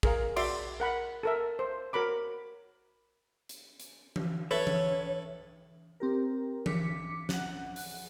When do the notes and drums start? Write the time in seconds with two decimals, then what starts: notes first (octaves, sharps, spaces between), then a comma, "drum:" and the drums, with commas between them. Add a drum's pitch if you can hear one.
0.03 G#4 A#4 F5, drum: kick
0.36 F#4 D5 E5 C6 D6, drum: cymbal
0.80 A#4 F#5 B5
1.23 A4 A#4 E5
1.59 C5
1.93 F#4 A#4 C#5 B5 D6
3.49 drum: hi-hat
3.80 drum: hi-hat
4.16 drum: tom E3
4.51 A4 B4 C#5 E5
4.67 drum: tom E3
6.00 C4 G4 A#4
6.66 D6 B6 C#7, drum: tom E3
7.29 F#5 F#6, drum: snare
7.76 drum: open hi-hat